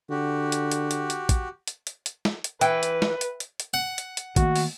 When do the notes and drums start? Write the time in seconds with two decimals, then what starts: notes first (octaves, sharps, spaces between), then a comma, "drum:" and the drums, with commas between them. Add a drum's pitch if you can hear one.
0.10 D3 F#4 G4
0.52 drum: hi-hat
0.71 drum: hi-hat
0.91 drum: hi-hat
1.10 drum: hi-hat
1.29 drum: kick A#1, hi-hat
1.68 drum: hi-hat
1.87 drum: hi-hat
2.06 drum: hi-hat
2.25 drum: snare
2.44 drum: hi-hat
2.61 E3 B4 G5, drum: hi-hat
2.83 drum: hi-hat
3.02 drum: snare
3.21 drum: hi-hat
3.40 drum: hi-hat
3.60 drum: hi-hat
3.74 F#5
3.98 drum: hi-hat
4.17 drum: hi-hat
4.36 D#3 A3 A#3 F#4, drum: kick A#1, hi-hat
4.56 drum: open hi-hat